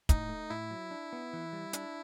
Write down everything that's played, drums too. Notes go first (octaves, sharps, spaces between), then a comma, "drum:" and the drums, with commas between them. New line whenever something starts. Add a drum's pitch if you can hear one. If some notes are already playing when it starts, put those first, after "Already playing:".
A2 D#4, drum: kick, hi-hat
A3
A2 E4
F#3
D4
B3
E3
G3
D4, drum: hi-hat